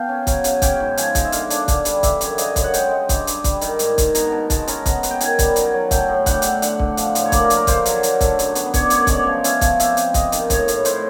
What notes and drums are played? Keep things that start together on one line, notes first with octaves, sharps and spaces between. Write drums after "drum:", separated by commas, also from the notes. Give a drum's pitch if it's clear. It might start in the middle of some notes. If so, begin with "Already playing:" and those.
Already playing: B3 F5 G5 A5
C#4
F#3, drum: kick, hi-hat
C#3, drum: hi-hat
C#4 G5, drum: kick, hi-hat
G#2
F3 G#5, drum: hi-hat
G#3, drum: kick, hi-hat
E5
D3 F5, drum: hi-hat
D4, drum: hi-hat
D3, drum: kick, hi-hat
G3, drum: hi-hat
E3 E5, drum: kick, hi-hat
F#2, drum: hi-hat
C#3 D#5, drum: hi-hat
F#2, drum: kick, hi-hat
F#5
G#3 G5, drum: hi-hat
G#3
G2, drum: kick, hi-hat
G2, drum: hi-hat
G3, drum: kick, hi-hat
D#3, drum: hi-hat
G#2, drum: hi-hat
G#2, drum: kick, hi-hat
B2 A#5, drum: hi-hat
B2 A5
G#3 A5, drum: kick, hi-hat
C#4 A#5, drum: hi-hat
B3, drum: kick, hi-hat
B3, drum: hi-hat
G5
D#3 G#5, drum: hi-hat
G3, drum: kick, hi-hat
F#3, drum: hi-hat
F#3
A3 G5, drum: kick, hi-hat
A2
D3 F#5, drum: kick, hi-hat
G5
D3 F#5, drum: hi-hat
D3 F#5, drum: hi-hat
D3, drum: kick
F3, drum: hi-hat
A2, drum: hi-hat
C#5
A#3 D5, drum: kick, hi-hat
A#4
F3, drum: hi-hat
A#4
D3 C5, drum: kick, hi-hat
F#3, drum: hi-hat
D3, drum: hi-hat
A3, drum: kick, hi-hat
F#2, drum: hi-hat
B3, drum: hi-hat
B3 C#5, drum: kick, hi-hat
D5
F#2 C#5, drum: hi-hat
D5
G#3 C#5, drum: kick, hi-hat
D5
F3 C#5
C#4 E5, drum: hi-hat
F3, drum: kick, hi-hat
C3 E5, drum: hi-hat
C3, drum: hi-hat
C3 D#5, drum: kick, hi-hat
D#3, drum: hi-hat
A2 C#5, drum: kick, hi-hat
A2, drum: hi-hat
A2 C5, drum: hi-hat